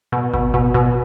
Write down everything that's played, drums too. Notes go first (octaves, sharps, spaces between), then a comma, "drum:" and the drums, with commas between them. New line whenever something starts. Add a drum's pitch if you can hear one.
B2
B2, drum: kick G#1
B2
B2